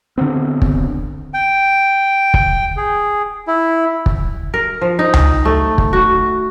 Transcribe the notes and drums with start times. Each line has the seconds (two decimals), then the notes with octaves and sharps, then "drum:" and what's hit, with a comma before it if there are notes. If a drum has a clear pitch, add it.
0.18 D3 F#3 B3 C4
0.62 drum: kick
1.34 G5
2.34 drum: kick
2.77 G#4
3.47 E4
4.06 drum: kick
4.54 A#4
4.81 F3
4.99 D#4
5.14 drum: tom C#2
5.45 A3
5.78 drum: kick
5.93 F#4